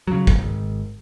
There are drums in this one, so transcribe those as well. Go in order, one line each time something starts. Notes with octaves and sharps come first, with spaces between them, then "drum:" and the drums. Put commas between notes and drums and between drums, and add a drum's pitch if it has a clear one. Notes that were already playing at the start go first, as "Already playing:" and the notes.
C#3 F#3
drum: kick
G#1